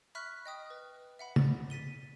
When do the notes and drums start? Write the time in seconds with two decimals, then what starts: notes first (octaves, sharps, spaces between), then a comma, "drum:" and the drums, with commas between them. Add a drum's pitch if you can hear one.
0.15 E5 B5 C#6 F6 F#6 B6
0.46 D#5 G5 D#6
0.70 B4
1.19 E5 F#5 B5
1.36 A6, drum: tom
1.70 A6 B6 D#7 G7